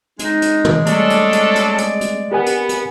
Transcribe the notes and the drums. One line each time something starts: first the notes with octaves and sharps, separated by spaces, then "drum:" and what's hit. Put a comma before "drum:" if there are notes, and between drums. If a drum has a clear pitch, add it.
G#3 D#4, drum: hi-hat
drum: hi-hat
drum: tom
G3 A3 C#4 D4 A4 D5, drum: hi-hat
drum: hi-hat
drum: hi-hat
drum: hi-hat
drum: hi-hat
drum: hi-hat
B3 G4 A#4 G#5
drum: hi-hat
drum: hi-hat